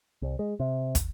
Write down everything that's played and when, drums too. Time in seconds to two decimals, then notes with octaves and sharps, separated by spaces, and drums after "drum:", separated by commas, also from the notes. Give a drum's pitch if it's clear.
0.22 C2
0.39 G#3
0.60 C3
0.95 drum: kick, hi-hat